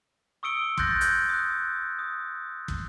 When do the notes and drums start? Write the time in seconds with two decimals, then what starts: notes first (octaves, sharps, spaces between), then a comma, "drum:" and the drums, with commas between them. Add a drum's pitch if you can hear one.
0.43 C#6 D#6 E6 C#7 D7 G7
0.78 C6 D#6 F#6 G6 A6 A#6, drum: kick
1.01 drum: hi-hat
1.29 D#6 F#6
1.99 D#6
2.68 drum: kick